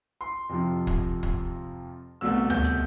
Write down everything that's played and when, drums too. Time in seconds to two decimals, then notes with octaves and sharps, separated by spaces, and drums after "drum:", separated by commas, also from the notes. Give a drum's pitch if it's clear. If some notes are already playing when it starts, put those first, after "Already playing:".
0.21 C6
0.49 F2 C3 F3
0.87 drum: kick
1.23 drum: kick
2.21 C2 B2 A3 E6
2.50 G6, drum: tom C#2
2.64 drum: hi-hat